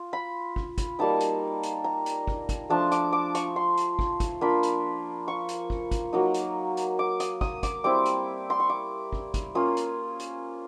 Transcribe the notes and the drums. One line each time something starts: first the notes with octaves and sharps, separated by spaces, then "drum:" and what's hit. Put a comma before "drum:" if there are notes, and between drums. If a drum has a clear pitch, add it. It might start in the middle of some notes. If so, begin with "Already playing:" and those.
Already playing: F4
B5
drum: kick
drum: kick, hi-hat
G3 A#3 D#4 A5
drum: hi-hat
drum: hi-hat
A#5
drum: hi-hat
drum: kick
drum: kick, hi-hat
F3 A3 D4 F4 A5
D6, drum: hi-hat
D6
C#6, drum: hi-hat
C6
drum: hi-hat
drum: kick
drum: kick, hi-hat
A#3 D4 F4 B5
drum: hi-hat
C#6
drum: hi-hat
drum: kick
drum: kick, hi-hat
F#3 A#3 D#4
drum: hi-hat
drum: hi-hat
D6
D#6, drum: hi-hat
D#6, drum: kick
D6, drum: kick, hi-hat
G3 C4 E4 D6
drum: hi-hat
C6
C#6
D6
drum: kick
drum: kick, hi-hat
A#3 C#4 F4 D#6
drum: hi-hat
drum: hi-hat